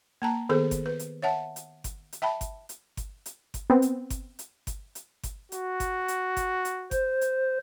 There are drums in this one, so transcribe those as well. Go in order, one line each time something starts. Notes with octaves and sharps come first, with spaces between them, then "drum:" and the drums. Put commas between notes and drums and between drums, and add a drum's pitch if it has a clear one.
A#3 A5 A#5
D#3 B3 G#4 A4 C5
drum: kick G1, hi-hat
B4
drum: hi-hat
C#5 E5 F#5 A5
drum: hi-hat
drum: kick G1, hi-hat
drum: hi-hat
E5 G5 A5 B5
drum: kick G1, hi-hat
drum: hi-hat
drum: kick G1, hi-hat
drum: hi-hat
drum: kick G1, hi-hat
B3 C4
drum: hi-hat
drum: kick G1, hi-hat
drum: hi-hat
drum: kick G1, hi-hat
drum: hi-hat
drum: kick G1, hi-hat
F#4, drum: hi-hat
drum: kick G1, hi-hat
drum: hi-hat
drum: kick G1, hi-hat
drum: hi-hat
C5, drum: kick G1, hi-hat
drum: hi-hat